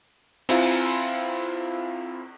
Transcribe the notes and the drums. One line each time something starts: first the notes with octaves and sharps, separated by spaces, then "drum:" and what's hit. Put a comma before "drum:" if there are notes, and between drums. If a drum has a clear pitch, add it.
C4 E4 F4, drum: cymbal